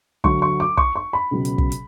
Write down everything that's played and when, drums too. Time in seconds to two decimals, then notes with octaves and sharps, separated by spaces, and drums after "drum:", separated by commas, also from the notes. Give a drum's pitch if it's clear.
0.24 D2 D3 F#3 C#6, drum: kick
0.42 C#6
0.60 D6
0.77 C#6, drum: kick
0.96 C#6
1.13 B5
1.31 C#2 B2 F#3
1.45 drum: hi-hat
1.58 drum: kick
1.72 drum: hi-hat